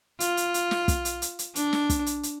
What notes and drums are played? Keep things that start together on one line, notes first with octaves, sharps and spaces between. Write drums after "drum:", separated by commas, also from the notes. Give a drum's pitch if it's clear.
F4, drum: hi-hat
drum: hi-hat
drum: hi-hat
drum: snare
drum: kick, hi-hat
drum: hi-hat
drum: hi-hat
drum: hi-hat
D4, drum: hi-hat
drum: snare
drum: kick, hi-hat
drum: hi-hat
drum: hi-hat